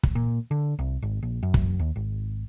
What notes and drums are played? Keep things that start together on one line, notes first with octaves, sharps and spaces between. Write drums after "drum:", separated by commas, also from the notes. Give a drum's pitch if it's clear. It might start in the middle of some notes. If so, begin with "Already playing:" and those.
drum: kick
A#2
D3
C2
G#1
A#1
F#2
drum: kick
D#2
G#1